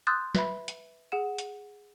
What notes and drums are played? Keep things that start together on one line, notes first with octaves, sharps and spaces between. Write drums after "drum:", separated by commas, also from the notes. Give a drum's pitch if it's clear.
C6 D#6 E6 F#6 G6 A6
B4 E5 B5, drum: snare
drum: hi-hat
G#4 F#5 E7
drum: hi-hat